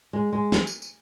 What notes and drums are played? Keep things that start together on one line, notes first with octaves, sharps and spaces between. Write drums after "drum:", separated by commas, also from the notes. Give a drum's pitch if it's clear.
G#3
G#3
drum: snare
drum: tambourine
drum: tambourine